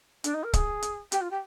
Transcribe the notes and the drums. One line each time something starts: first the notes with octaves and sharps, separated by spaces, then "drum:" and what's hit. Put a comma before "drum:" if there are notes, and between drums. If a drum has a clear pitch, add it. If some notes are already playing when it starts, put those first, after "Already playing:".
D4, drum: hi-hat
D#4
A#4
G#4, drum: kick C#1, hi-hat
drum: hi-hat
G4, drum: hi-hat
F4
G4